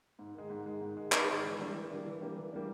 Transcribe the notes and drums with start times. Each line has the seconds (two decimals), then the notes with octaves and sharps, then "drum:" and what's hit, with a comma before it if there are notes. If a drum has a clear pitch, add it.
0.19 G#2
0.35 D#3 G#3
0.50 G#2
0.66 D#3 G#3
0.81 G#2
0.97 D#3 G#3
1.12 G#2, drum: clap
1.27 D#3 G#3
1.43 E3
1.59 G3 A#3 D4
1.74 E3
1.90 G3 A#3 D4
2.05 E3
2.21 G3 A#3 D4
2.36 E3
2.53 G3 A#3 D4